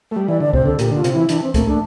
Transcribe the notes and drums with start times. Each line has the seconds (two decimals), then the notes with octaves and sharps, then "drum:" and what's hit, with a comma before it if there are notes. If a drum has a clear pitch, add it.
0.11 A3
0.16 G3
0.28 E3 D5
0.40 D3 D5
0.53 C3 C5, drum: kick C#2
0.66 D3 A4
0.79 A#2 G4, drum: hi-hat
0.91 D3 F4
1.04 C3, drum: hi-hat
1.12 E3 E4
1.29 E3 D4, drum: hi-hat
1.42 C4
1.54 A3 A#3, drum: kick C#2, hi-hat
1.67 A3 D4